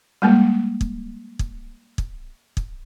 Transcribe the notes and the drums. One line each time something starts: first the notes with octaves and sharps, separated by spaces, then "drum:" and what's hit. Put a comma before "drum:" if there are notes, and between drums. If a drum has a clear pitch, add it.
G3 G#3 A#3
drum: kick
drum: kick
drum: kick
drum: kick